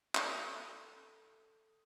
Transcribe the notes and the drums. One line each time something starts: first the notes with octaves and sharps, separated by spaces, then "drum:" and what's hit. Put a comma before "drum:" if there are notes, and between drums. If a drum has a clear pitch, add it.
A4 D#6, drum: clap